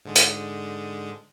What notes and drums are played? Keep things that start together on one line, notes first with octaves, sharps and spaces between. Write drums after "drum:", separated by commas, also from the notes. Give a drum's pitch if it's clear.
G#2 D3 G#3
drum: hi-hat